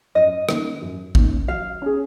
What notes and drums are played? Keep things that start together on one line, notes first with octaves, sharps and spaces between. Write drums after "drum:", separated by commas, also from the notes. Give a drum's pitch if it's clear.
F#2 D#5
D#3 A#3 C#4, drum: rim click
F#2
D#3 A#3 C#4, drum: kick
F#3 F5
C#4 G#4